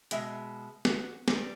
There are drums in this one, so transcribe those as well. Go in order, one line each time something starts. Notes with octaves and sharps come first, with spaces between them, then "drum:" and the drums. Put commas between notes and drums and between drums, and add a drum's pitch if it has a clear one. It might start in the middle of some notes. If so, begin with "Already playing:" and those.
B2 G#3 E5, drum: hi-hat
F#4, drum: snare
G3, drum: snare